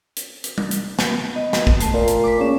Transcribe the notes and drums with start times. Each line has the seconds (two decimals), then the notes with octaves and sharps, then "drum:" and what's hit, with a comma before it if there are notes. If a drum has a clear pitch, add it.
0.17 drum: hi-hat
0.44 drum: hi-hat
0.58 drum: tom G3
0.71 drum: hi-hat
0.99 drum: snare
1.33 B3 D#5
1.53 drum: snare
1.67 drum: kick
1.81 A3 A5 C7, drum: hi-hat
1.94 A#2
2.08 drum: hi-hat
2.24 D6 B6
2.39 C#3 A#3 C#4 E7